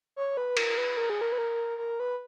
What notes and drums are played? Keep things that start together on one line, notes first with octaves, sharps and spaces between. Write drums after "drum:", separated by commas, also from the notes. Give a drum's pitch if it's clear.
C#5
B4
A#4, drum: cymbal
B4
A#4
G#4
A#4
B4
A#4
A#4
B4